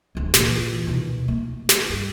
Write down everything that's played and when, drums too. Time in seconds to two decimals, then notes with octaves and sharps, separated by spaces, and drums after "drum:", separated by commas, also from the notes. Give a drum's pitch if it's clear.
0.15 D#1 D2
0.34 A#2 E3, drum: snare
0.87 D#2 B2
1.28 A#3
1.69 drum: snare
1.89 G2